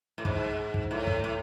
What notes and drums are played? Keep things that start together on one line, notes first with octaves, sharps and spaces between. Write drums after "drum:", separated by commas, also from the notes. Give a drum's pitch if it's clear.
A2
G#2, drum: kick
drum: kick
A2
drum: kick
A2